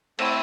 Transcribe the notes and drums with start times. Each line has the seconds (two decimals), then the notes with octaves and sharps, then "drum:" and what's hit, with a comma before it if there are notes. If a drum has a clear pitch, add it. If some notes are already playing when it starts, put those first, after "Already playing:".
0.19 A3 C4 E4 A4, drum: cymbal